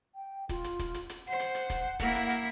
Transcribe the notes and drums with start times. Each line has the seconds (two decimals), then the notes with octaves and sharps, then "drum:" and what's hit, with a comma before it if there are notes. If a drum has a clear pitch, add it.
0.15 G5
0.49 F4, drum: kick, hi-hat
0.64 drum: hi-hat
0.79 drum: kick, hi-hat
0.94 drum: hi-hat
1.09 drum: hi-hat
1.28 C5 F#5
1.40 drum: hi-hat
1.55 drum: hi-hat
1.70 drum: kick, hi-hat
1.99 A#3 E4, drum: kick, hi-hat
2.15 drum: hi-hat
2.30 drum: hi-hat